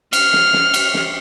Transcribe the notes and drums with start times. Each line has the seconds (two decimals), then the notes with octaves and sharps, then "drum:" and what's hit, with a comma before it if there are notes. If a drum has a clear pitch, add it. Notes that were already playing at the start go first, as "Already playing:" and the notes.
0.13 F6, drum: cymbal
0.33 drum: snare
0.53 drum: snare
0.74 drum: cymbal
0.94 drum: snare